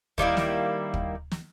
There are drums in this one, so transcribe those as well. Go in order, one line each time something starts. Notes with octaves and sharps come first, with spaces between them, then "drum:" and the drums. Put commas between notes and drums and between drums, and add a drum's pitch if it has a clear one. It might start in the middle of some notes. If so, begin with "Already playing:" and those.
D#3 G3 A#3 E4, drum: kick
drum: snare
drum: kick
drum: snare